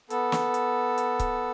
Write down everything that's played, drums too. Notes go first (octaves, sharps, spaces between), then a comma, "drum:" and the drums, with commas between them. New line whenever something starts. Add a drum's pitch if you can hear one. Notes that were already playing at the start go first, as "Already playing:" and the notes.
B3 A4, drum: hi-hat
drum: snare
drum: hi-hat
drum: hi-hat
drum: kick C#1, hi-hat